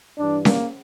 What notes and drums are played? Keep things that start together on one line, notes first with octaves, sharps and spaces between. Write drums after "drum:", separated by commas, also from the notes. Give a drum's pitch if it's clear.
G2 E3 D4
A#3, drum: snare C#4